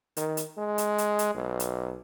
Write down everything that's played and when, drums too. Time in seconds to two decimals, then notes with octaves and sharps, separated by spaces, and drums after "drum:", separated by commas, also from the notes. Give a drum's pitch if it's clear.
0.17 D#3, drum: hi-hat
0.37 drum: hi-hat
0.57 G#3
0.78 drum: hi-hat
0.98 drum: hi-hat
1.19 drum: hi-hat
1.35 B1
1.60 drum: hi-hat